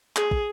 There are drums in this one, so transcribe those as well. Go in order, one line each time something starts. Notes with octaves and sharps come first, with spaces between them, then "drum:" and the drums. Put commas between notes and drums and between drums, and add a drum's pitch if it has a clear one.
G#4, drum: clap
drum: kick